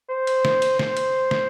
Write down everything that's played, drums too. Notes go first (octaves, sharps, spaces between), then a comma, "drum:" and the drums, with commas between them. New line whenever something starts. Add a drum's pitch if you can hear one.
C5
drum: cymbal
drum: snare
drum: cymbal
C5, drum: snare
drum: cymbal
drum: snare